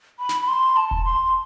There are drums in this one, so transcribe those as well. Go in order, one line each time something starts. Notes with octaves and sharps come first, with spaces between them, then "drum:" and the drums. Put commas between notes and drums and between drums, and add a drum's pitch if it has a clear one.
B5
drum: snare
B5
C6
A5
drum: kick E1
C6